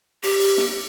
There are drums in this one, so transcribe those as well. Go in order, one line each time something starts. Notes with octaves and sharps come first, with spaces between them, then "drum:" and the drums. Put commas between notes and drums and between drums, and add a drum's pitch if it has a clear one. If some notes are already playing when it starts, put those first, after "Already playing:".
G4, drum: open hi-hat
drum: open hi-hat
drum: snare